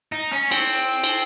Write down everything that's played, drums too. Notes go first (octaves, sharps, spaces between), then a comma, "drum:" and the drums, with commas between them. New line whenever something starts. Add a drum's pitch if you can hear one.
D#4
C#4
C4, drum: cymbal
drum: cymbal